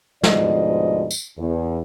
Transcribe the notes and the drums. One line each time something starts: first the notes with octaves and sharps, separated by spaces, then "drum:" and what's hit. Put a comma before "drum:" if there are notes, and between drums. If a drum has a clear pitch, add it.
D2 G#2 B2 F3 D5 D#5, drum: snare
drum: tambourine
E2